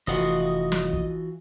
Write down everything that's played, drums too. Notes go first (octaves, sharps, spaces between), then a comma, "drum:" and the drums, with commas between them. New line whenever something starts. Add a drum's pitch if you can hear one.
F1 E3 F4 F#4 D#5
drum: snare
drum: kick